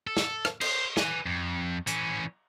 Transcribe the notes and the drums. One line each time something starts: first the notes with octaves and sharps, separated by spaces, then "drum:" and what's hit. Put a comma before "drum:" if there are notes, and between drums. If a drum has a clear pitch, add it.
A4
drum: snare
drum: rim click
C5, drum: cymbal
B4 G#5, drum: snare
F2
E3 C#4, drum: hi-hat